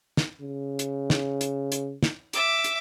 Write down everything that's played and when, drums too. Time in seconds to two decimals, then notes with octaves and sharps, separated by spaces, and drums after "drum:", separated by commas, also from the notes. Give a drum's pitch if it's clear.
0.17 drum: snare
0.41 C#3
0.79 drum: hi-hat
1.10 drum: snare
1.41 drum: hi-hat
1.72 drum: hi-hat
2.03 drum: snare
2.33 E5 D6, drum: hi-hat
2.64 drum: hi-hat